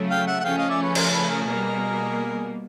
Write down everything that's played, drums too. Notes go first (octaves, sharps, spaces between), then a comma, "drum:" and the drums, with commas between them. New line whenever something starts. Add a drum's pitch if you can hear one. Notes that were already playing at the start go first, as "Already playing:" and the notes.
Already playing: C#3 F#3 A3
F5 G5
E5 F#5
F#5
C#3 F3 A3 C#4 F5 G5
D#5 F5
D5 E5
B4 C#5
A#4 C5, drum: cymbal
A4 B4
G#4 A#4
B2 G3 A#3 G#4 A#4